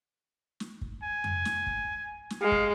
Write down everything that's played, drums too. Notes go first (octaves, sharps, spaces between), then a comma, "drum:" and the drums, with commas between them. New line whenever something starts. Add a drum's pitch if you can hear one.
drum: snare
drum: kick
G#5
drum: tom F2
drum: snare
drum: kick
drum: snare
G#3 F5
drum: kick